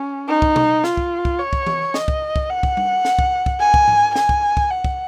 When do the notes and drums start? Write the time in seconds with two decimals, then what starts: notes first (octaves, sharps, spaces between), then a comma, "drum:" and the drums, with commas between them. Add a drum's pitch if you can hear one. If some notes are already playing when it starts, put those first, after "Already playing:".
Already playing: C#4
0.28 D#4
0.42 drum: kick
0.56 drum: tom B2
0.84 F4, drum: snare
0.97 drum: kick
1.25 drum: kick
1.39 C#5
1.53 drum: kick
1.67 drum: tom E3
1.94 D#5, drum: snare
2.08 drum: kick
2.36 drum: kick
2.49 F#5
2.63 drum: kick
2.77 drum: tom G3
3.05 drum: snare
3.19 drum: kick
3.46 drum: kick
3.60 G#5
3.74 drum: kick
3.88 drum: tom G#2
4.16 G#5, drum: snare
4.29 drum: kick
4.57 drum: kick
4.71 F#5
4.84 drum: kick